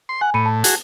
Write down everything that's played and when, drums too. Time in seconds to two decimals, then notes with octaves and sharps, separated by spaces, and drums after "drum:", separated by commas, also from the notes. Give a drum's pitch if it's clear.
0.09 C6
0.21 F#5 G#5
0.34 A2 B5 C#7 D#7
0.46 A5
0.64 F#4 G#4, drum: hi-hat